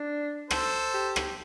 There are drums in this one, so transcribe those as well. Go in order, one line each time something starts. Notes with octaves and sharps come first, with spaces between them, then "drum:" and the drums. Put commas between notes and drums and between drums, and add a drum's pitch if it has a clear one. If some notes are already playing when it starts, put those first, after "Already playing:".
Already playing: D4
A4 C5, drum: rim click
G4
drum: rim click